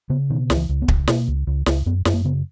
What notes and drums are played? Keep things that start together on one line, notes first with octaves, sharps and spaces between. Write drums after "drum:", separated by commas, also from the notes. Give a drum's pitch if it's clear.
C#3 B3
B2 D#3
C#2, drum: snare
E3
C#2
B3
C#2, drum: kick
B2 A#3, drum: snare
C#2
C#2
C#2, drum: snare
F#2 B3
F#2, drum: snare
A#3
C#3 B3